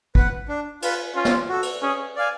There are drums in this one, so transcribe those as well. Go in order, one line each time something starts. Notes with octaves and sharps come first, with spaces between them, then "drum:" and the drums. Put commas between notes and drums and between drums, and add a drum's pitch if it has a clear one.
B4 F#5, drum: kick
D4
F4 B4, drum: cymbal
C#4 F4
drum: snare
F#4 A4
drum: cymbal
C#4 G#4
D5 F5 G#5